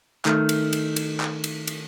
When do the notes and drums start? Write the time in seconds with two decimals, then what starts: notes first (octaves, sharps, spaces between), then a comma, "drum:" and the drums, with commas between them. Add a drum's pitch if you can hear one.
0.25 D#3 A3, drum: clap
0.49 drum: cymbal
0.73 drum: cymbal
0.96 drum: cymbal
1.20 drum: clap
1.44 drum: cymbal
1.67 drum: cymbal